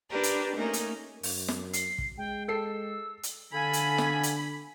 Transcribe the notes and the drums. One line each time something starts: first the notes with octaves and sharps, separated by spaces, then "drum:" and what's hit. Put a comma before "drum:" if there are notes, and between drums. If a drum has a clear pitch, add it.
D4 G4 A#4 B4
drum: hi-hat
A3 A#3 C#4 D#4
drum: hi-hat
F#2, drum: open hi-hat
drum: snare
C7, drum: hi-hat
drum: kick
G#3 G5
A4 E6 C7
drum: hi-hat
D3 A4 F5 G#5 B5 B6
drum: hi-hat
drum: snare
drum: hi-hat